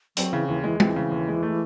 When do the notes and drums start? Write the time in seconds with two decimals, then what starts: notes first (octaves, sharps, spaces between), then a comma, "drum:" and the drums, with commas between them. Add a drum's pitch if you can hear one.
0.17 F#3 C4, drum: hi-hat
0.33 C#3 E3
0.48 D#2 E3
0.64 E3 G#3
0.80 E3 C4, drum: tom
0.96 C#3
1.12 D#2
1.28 G#3
1.43 A3